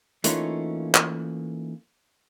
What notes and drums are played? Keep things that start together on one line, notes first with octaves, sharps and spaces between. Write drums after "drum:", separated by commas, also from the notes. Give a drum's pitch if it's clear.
E3 A3 A#3 C#4 D#4 F4, drum: hi-hat
drum: clap